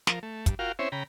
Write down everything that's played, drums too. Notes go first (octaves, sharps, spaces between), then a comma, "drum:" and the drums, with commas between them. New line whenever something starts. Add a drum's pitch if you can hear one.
F3 A#4, drum: snare
A3
G2, drum: kick, hi-hat
F4 F#4 A#4 F5 G5
C4 C#4 E4 C5 C#5 E5
C#3 G5 A#5 B5